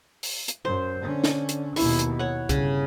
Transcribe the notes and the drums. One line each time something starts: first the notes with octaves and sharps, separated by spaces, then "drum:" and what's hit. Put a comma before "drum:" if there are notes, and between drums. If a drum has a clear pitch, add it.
drum: open hi-hat
drum: hi-hat
F#2 C5
D3 C#4
drum: snare
drum: hi-hat
D#2 B2 E4 C#6, drum: open hi-hat
drum: hi-hat
C#5 F#5
G1 C#3, drum: kick C2, hi-hat